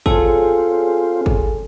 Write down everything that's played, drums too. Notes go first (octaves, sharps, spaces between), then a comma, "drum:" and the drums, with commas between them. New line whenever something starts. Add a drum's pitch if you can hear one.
C4 F4 G#4 A4 C#5 G#5, drum: kick
drum: kick